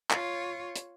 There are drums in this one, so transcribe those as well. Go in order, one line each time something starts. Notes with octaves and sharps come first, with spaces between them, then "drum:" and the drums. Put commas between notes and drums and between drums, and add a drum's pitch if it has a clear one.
F4 C#5, drum: clap
drum: hi-hat